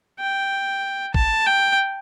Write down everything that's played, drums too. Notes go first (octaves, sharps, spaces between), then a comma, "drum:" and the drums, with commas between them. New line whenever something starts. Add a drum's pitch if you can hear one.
G5
A5, drum: kick
G5